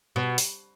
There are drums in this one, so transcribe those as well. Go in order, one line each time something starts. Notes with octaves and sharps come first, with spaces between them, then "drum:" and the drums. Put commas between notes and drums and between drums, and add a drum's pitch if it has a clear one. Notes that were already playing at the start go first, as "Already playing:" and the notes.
B2
drum: open hi-hat